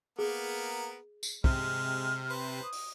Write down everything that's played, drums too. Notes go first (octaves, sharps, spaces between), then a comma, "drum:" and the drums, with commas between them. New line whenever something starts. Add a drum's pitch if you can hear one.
A#3 B3 G#4 A#4
drum: tambourine
C3 G#3 F6, drum: kick
B4 C5
D#6
drum: open hi-hat